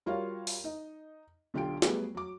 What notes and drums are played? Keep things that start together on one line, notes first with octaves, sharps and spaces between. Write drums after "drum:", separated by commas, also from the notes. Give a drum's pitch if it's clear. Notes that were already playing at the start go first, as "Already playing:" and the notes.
G3 F4 F#4 A#4 C#5 F5
drum: open hi-hat
D#4 D#5
B1 D3 F4 G4 G5 D7
F#3 G3 A3 B3 G#4, drum: snare
F#3 D6